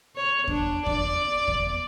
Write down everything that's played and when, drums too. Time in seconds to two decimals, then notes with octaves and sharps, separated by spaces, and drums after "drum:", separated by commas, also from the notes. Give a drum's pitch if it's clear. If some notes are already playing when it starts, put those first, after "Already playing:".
0.16 C#5
0.48 D4, drum: kick E2
0.86 D5, drum: kick E2
1.48 drum: kick E2